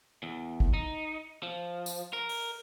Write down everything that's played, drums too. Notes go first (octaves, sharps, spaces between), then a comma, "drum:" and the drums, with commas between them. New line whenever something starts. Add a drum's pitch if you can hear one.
E2
drum: kick
D#4
F3
drum: tambourine
A#4
drum: open hi-hat